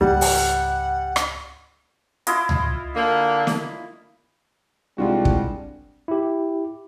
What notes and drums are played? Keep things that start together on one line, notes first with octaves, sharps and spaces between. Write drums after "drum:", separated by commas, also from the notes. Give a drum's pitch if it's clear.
C#2 G#2 G3 C#4 F#5
drum: open hi-hat
drum: rim click
E4 F4 D#5, drum: hi-hat
drum: tom C#2
D3 A#3
drum: snare
C2 G3 G#3 D4 F4 F#4
drum: kick
E4 G4